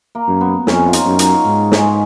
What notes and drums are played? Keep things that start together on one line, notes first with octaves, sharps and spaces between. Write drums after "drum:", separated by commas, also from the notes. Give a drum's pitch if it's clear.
A#3
F#2
B3
F2 C#4, drum: snare
F4
D#4, drum: hi-hat
F#2
D#4, drum: hi-hat
G#2
G#3, drum: snare